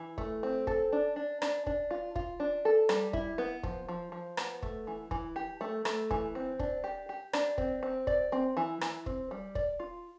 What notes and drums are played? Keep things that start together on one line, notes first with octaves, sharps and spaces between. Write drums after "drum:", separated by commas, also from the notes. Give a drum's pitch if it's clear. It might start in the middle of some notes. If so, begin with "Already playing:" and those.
Already playing: E3
A3, drum: kick
C4
A4, drum: kick
D4
D4
D4, drum: rim click
D4, drum: kick
F4
F4, drum: kick
D4
A4
G3, drum: rim click
E4, drum: kick
B3
F3, drum: kick
F3
F3
B3, drum: rim click
A3, drum: kick
E3
E3, drum: kick
G4
A3
A3, drum: rim click
E3, drum: kick
C4
D4, drum: kick
G4
G4
D4, drum: rim click
C4, drum: kick
C4
D5, drum: kick
C4
E3
E3, drum: rim click
C4, drum: kick
G3
D5, drum: kick
F4